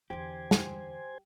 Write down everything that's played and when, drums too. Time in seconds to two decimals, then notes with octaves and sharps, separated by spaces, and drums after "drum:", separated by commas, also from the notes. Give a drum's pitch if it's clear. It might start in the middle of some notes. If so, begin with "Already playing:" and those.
0.10 E2 D3 G4 C5 G#5
0.51 drum: snare